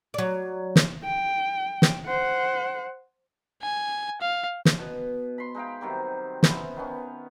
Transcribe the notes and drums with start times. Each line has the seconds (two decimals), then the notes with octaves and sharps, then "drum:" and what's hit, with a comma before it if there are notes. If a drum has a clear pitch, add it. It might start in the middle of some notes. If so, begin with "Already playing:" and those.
0.14 F#3 D5
0.76 drum: snare
1.04 G5
1.82 drum: snare
2.06 C5 F#5
3.63 G#5
4.21 F5
4.65 drum: snare
4.79 B2
5.38 B5 C6
5.55 G#3 D#4 F5 G5
5.81 C3 D#3 F#3 G3
6.43 B3 C#4 E4 C5, drum: snare
6.76 D#3 B3 C#4